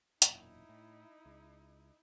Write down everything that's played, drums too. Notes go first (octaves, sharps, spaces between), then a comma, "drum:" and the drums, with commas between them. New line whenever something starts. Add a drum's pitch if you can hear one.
E1 F#2 A#2 D#4 E4, drum: hi-hat
A2
C#2